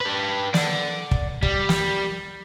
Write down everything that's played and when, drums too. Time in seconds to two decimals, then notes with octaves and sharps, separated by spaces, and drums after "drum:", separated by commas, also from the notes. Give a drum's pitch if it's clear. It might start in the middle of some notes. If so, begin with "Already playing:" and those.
0.01 G4 B4
0.54 D5 F#5, drum: snare
1.11 drum: kick
1.43 G3, drum: kick
1.69 drum: snare